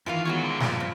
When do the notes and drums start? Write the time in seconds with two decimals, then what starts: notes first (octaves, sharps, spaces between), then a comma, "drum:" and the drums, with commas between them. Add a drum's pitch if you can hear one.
0.06 F#2 D#3 E3 F4 F5
0.25 F#3 G#3 B3 C#5 F#5
0.42 C2 D3
0.60 G2 F3 A#3, drum: snare
0.80 C4